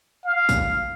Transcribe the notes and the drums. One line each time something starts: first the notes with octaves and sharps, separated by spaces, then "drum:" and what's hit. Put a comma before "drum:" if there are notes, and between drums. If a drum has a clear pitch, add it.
F5
drum: kick, tambourine